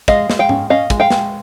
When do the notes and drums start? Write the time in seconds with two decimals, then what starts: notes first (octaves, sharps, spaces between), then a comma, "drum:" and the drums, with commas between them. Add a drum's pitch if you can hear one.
0.08 G#3 D#5 F5, drum: kick, hi-hat
0.30 G#3, drum: snare
0.39 F5 G5
0.49 C#4, drum: tom G#2
0.70 C#4 D#5 F5
0.90 G#3, drum: kick, hi-hat
1.00 F5 G5
1.10 G#3, drum: snare